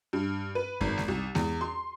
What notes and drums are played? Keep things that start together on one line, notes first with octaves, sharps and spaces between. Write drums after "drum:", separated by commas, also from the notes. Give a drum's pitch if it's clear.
G2
B4
G#1, drum: kick F#2
drum: snare G#3
C2
E2, drum: snare G#3
C6